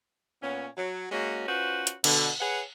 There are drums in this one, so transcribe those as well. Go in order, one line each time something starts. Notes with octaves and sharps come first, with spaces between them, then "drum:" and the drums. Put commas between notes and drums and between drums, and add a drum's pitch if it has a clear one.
A#2 B3 C#4
F#3
G#3 A#3 C#4 F#4
C#4 F4 F#4 B4 C5
drum: hi-hat
B2 D3, drum: cymbal
G#4 B4 C#5 F#5